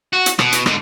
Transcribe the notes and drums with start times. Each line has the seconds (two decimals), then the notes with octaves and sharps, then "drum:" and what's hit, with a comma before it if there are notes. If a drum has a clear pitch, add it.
0.13 F#4
0.26 drum: hi-hat
0.39 B2, drum: rim click
0.52 drum: hi-hat
0.66 G#2 D3, drum: rim click